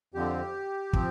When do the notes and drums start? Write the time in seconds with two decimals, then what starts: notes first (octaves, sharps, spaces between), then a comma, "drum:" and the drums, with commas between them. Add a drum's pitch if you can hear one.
0.14 F2 D3 F3 C4 G4
0.93 F3 C4, drum: kick